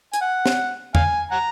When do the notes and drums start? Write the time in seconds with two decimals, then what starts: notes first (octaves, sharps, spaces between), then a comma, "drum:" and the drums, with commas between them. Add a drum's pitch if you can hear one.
0.14 G#5, drum: hi-hat
0.21 F#5
0.46 drum: snare
0.95 F5 G#5, drum: tom E2
1.31 F#5 A#5